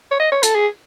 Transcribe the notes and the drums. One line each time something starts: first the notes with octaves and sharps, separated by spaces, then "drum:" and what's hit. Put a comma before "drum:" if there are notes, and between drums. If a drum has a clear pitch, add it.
C#5
D#5
C#5
A4, drum: hi-hat
G#4